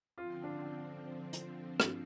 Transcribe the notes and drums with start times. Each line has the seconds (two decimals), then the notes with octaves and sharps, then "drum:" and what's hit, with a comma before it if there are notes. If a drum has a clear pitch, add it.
0.18 D3 F3 C4 F4
0.44 D4
1.33 drum: hi-hat
1.80 drum: rim click